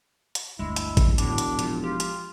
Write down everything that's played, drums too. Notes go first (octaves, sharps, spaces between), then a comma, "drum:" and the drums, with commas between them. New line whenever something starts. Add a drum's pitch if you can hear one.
drum: hi-hat
G1 D2 G2 G#3 E4
drum: hi-hat
drum: kick, hi-hat
E1 A2 D4, drum: hi-hat
drum: hi-hat
A#2 F3, drum: hi-hat
F4 G4
drum: hi-hat